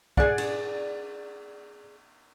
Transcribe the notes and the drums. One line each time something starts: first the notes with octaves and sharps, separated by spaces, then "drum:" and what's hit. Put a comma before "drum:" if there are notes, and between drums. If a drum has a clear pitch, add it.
G#4 D5 F#5, drum: kick
drum: cymbal